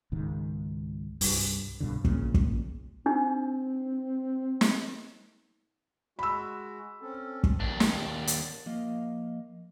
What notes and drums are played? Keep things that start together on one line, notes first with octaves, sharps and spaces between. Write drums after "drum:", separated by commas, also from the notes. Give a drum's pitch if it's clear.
C#2 G#2 D#3
C2 G2, drum: open hi-hat
C2 G2 B2 D3
A#2 C#3, drum: kick
drum: kick
C4 D4 D#4
drum: snare
G#3 F#4 B5 E6
C4 C#4 A4
drum: kick
D#2 D4
drum: snare
drum: hi-hat
F3 A#3 D#5 F5